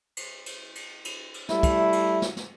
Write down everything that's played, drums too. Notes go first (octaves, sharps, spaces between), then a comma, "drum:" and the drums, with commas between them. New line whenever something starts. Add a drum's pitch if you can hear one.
drum: cymbal
drum: cymbal
drum: cymbal
drum: cymbal
drum: cymbal
G3 A3 E4, drum: snare
drum: kick, cymbal
drum: cymbal
drum: snare
drum: snare